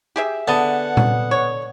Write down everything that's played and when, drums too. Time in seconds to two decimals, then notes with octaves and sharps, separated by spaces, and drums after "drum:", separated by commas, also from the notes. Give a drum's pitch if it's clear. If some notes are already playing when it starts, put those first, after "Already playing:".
0.16 G4 G#4 E5
0.48 D3 B3 F#5 A5
0.97 drum: tom A#2
1.31 C#5